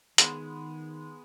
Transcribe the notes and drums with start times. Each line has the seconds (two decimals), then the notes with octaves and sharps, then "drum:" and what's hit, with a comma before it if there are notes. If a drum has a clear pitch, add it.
0.18 D#3 G#3 B3, drum: hi-hat